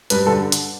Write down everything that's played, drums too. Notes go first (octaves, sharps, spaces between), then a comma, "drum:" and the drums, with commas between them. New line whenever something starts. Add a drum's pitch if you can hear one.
G2 B4, drum: hi-hat
D3 A4
drum: hi-hat